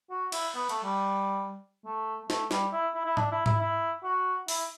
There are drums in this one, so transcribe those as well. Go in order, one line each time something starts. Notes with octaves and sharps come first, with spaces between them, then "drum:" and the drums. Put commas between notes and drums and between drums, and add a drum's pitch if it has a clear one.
F#4
E4, drum: cymbal
B3
A3, drum: hi-hat
G3
A3
A3, drum: snare
G3, drum: snare
E4
E4
E4
D4, drum: tom G#2
E4
E4, drum: tom G#2
E4
F#4
E4, drum: open hi-hat